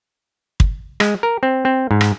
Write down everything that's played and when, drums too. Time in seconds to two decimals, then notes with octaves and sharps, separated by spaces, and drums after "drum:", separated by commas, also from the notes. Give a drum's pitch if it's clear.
0.60 drum: kick
1.00 G#3, drum: rim click
1.23 A#4
1.43 C4
1.65 C4
1.91 G#2
2.01 drum: rim click